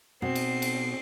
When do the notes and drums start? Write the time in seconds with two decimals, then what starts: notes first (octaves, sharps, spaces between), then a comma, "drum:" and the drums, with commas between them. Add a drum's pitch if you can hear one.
0.22 B2 C4 C7
0.35 drum: cymbal
0.62 drum: cymbal